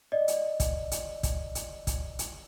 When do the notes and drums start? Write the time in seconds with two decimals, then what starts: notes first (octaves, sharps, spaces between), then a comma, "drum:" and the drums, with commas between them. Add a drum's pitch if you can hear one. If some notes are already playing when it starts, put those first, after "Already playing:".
0.12 D5 D#5
0.28 drum: hi-hat
0.60 drum: kick, hi-hat
0.91 drum: hi-hat
1.23 drum: kick, hi-hat
1.55 drum: hi-hat
1.87 drum: kick, hi-hat
2.19 drum: hi-hat